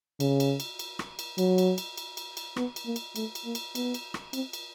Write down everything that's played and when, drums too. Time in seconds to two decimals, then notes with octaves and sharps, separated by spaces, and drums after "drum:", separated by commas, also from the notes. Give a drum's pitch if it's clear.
0.20 C#3, drum: cymbal
0.40 drum: cymbal
0.60 drum: cymbal
0.79 drum: cymbal
0.99 drum: rim click
1.19 drum: cymbal
1.38 F#3, drum: cymbal
1.58 drum: cymbal
1.78 drum: cymbal
1.97 drum: cymbal
2.17 drum: cymbal
2.37 drum: cymbal
2.56 B3, drum: rim click
2.76 drum: cymbal
2.86 A#3
2.96 drum: cymbal
3.16 A3, drum: cymbal
3.35 drum: cymbal
3.45 A#3
3.55 drum: cymbal
3.75 B3, drum: cymbal
3.94 drum: cymbal
4.14 drum: rim click
4.33 C4, drum: cymbal
4.53 drum: cymbal